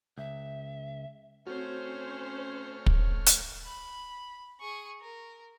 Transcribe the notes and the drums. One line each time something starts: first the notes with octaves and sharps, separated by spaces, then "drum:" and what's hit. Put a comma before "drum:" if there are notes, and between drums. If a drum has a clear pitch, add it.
C#2 E5
A3 C4 C#4 F#4 C5 C#5 F6
drum: kick
drum: hi-hat
B5
G#4 C#6
A#4